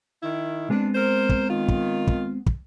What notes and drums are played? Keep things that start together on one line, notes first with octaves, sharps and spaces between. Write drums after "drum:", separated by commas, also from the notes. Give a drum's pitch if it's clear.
D#3 E4
G#3 B3 C4 D4
A#4 C5
drum: kick
D#3 F4
drum: kick
drum: kick
drum: kick